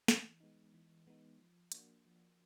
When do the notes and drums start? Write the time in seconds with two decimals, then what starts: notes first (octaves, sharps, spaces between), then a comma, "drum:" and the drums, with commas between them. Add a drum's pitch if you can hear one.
0.08 E3, drum: snare
0.40 G#3 B3 D#4
0.74 E3
1.07 G#3 B3 D#4
1.39 F3
1.72 A#3 D4 F#4, drum: hi-hat
2.05 F3